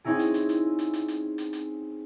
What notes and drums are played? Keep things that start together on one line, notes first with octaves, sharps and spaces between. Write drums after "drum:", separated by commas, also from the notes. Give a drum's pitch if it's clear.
C4 C#4 D#4 E4 G#4
drum: hi-hat
drum: hi-hat
drum: hi-hat
drum: hi-hat
drum: hi-hat
drum: hi-hat
drum: hi-hat
drum: hi-hat